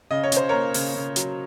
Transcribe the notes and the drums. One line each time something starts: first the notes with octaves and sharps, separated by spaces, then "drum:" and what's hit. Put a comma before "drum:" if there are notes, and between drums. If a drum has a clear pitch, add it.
C#3 D#5
C#5
C#3 C5, drum: hi-hat
A#3 A#4 C#5
C#3, drum: open hi-hat
C#3
F#3, drum: hi-hat